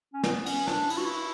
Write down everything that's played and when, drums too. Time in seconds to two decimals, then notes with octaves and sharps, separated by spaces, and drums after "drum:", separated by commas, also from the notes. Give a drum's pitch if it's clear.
0.13 C#4
0.23 B3, drum: snare
0.46 C#4, drum: cymbal
0.67 D4, drum: snare
0.90 E4, drum: cymbal
0.97 F#4
1.05 E4